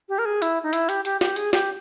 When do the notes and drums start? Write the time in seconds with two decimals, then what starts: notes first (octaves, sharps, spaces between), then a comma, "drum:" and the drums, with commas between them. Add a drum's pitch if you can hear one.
0.09 G4
0.19 A#4
0.25 G#4
0.42 E4, drum: hi-hat
0.63 D#4
0.73 E4, drum: hi-hat
0.89 G4, drum: hi-hat
1.05 G4, drum: hi-hat
1.21 G4, drum: snare
1.36 G#4, drum: hi-hat
1.53 G4, drum: snare